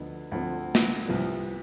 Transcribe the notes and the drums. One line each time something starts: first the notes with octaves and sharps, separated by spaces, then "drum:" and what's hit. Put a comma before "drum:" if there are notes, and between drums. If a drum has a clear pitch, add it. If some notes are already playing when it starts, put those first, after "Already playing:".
Already playing: D2 D3 F3 B3 D#4
D2 D3 F3 C4
drum: snare
C2 C3 F3 B3